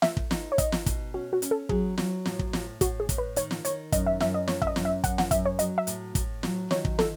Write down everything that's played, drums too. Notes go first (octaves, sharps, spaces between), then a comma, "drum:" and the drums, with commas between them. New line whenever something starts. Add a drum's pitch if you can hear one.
A3 E5, drum: snare
drum: kick
D#4, drum: snare
C#5
D#4 D#5, drum: kick, hi-hat
drum: snare
B2, drum: kick, hi-hat
C#4 F#4
F#4
C#4, drum: hi-hat
A4
F#3 G#4, drum: kick
F#3, drum: snare
A2, drum: snare
drum: kick
A2, drum: snare
A2 F#4, drum: kick, hi-hat
G#4
A2, drum: kick, hi-hat
B4
D#3 C#5, drum: hi-hat
drum: snare
D#3 C#5, drum: hi-hat
F#2 D#5, drum: kick, hi-hat
E5
F#2 E5, drum: snare
D#5
A3 C#5, drum: snare
E5, drum: kick
D#5
F#2, drum: snare
E5
F#2 F#5, drum: kick, hi-hat
F#5, drum: snare
F#2 E5, drum: kick, hi-hat
C#5
F#3 D#5, drum: hi-hat
E5
A2, drum: hi-hat
A2, drum: kick, hi-hat
F#3, drum: snare
D#3 C#5, drum: snare
drum: kick
A4, drum: snare